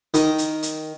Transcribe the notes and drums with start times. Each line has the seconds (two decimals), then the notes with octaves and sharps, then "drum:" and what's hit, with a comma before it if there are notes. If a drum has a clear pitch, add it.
0.14 D#3, drum: hi-hat
0.38 drum: hi-hat
0.63 drum: hi-hat